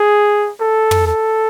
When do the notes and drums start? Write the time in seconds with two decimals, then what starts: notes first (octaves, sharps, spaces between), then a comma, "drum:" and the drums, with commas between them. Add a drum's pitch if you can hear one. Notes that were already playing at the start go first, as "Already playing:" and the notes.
Already playing: G#4
0.60 A4
0.91 drum: tom
1.07 A4